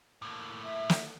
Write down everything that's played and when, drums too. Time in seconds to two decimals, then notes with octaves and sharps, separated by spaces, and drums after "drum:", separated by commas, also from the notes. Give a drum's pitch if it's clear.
0.22 A2 A#3
0.62 E5
0.90 drum: snare